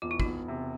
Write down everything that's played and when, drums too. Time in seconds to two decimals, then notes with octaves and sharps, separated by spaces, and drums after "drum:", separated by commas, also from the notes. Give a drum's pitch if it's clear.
0.02 E1 F4
0.11 E4
0.20 D#4 F4, drum: kick
0.26 E1
0.48 C3